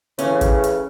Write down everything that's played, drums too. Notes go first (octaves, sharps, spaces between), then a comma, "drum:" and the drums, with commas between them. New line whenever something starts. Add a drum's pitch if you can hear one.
A2 C#3 E3 C#4, drum: hi-hat
drum: kick, hi-hat
drum: hi-hat